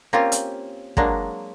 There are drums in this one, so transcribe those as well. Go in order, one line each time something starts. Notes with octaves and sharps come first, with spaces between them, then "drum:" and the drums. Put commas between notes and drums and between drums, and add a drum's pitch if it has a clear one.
A#3 C4 C#4 F4 G4
drum: hi-hat
F#3 G#3 A#3 D4, drum: kick